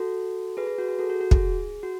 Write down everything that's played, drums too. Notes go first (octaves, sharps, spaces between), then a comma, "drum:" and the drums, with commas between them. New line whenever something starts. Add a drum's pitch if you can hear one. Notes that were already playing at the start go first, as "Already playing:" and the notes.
Already playing: F#4 A4
G#4 B4
G#4 B4
F#4
G#4
F#4 A4
F#4
F#4
G#4, drum: kick
F#4